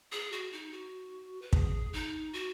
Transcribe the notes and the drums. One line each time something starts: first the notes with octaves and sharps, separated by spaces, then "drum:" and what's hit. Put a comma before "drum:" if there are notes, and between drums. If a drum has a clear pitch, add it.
G#4
F#4
D#4
F#4
B4
G#4, drum: kick
D#4
F#4